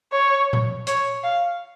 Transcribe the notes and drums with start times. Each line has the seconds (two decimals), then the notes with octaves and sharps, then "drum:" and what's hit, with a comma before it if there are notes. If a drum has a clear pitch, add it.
0.12 C#5
0.53 drum: tom A#2
0.87 C#5, drum: hi-hat
1.23 F5